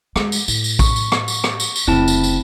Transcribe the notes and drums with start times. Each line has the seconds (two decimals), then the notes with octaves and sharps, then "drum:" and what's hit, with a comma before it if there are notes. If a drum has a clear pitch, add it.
0.16 G#3, drum: rim click
0.32 drum: tambourine
0.48 A2, drum: tambourine
0.64 drum: tambourine
0.79 C#6, drum: kick A#1, tambourine
0.96 drum: tambourine
1.12 drum: rim click
1.28 drum: tambourine
1.44 drum: rim click
1.60 drum: tambourine
1.76 drum: tambourine
1.87 F1 C#3 C4 E4 A5
2.08 drum: tambourine
2.24 drum: tambourine